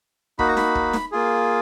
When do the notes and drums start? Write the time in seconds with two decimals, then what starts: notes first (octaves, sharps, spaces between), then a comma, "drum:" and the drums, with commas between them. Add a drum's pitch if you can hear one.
0.39 A#3 D#4 F#4 B5, drum: kick
0.48 A#5
0.57 B5, drum: snare D#4
0.75 drum: kick
0.93 drum: snare D#4
1.12 A#3 F4 G#4